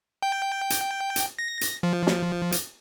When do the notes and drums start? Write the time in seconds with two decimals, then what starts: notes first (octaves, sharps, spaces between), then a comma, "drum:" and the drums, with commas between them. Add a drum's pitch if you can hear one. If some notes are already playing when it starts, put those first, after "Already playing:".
0.22 G5
0.70 drum: hi-hat
1.16 drum: hi-hat
1.39 A#6
1.61 drum: hi-hat
1.83 F3
2.07 drum: snare
2.52 drum: hi-hat